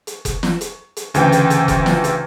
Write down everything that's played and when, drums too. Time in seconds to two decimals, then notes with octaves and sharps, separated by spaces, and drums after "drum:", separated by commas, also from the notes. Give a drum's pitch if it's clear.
0.07 drum: hi-hat
0.25 drum: kick F#1, hi-hat
0.43 drum: snare
0.61 drum: hi-hat
0.96 drum: hi-hat
1.14 D2 C#3 E3 G5, drum: hi-hat
1.32 drum: hi-hat
1.50 drum: hi-hat
1.68 drum: kick F#1, hi-hat
1.86 drum: snare
2.04 drum: hi-hat